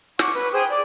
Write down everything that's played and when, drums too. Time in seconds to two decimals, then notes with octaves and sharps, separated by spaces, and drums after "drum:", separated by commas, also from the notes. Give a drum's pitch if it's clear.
0.19 F#5 C#6 D6, drum: snare
0.34 B4
0.53 G#4 C5 G5 D#6
0.71 D5 D6